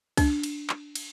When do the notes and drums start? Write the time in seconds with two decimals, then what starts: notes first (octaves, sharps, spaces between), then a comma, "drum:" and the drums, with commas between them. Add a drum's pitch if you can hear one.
0.17 D4, drum: kick C2, cymbal
0.43 drum: cymbal
0.69 drum: clap
0.95 drum: cymbal